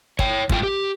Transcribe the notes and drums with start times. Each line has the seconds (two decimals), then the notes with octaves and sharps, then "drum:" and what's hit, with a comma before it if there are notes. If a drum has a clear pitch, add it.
0.19 C#5 G5, drum: kick
0.49 G#2 F4 G5, drum: kick
0.63 G4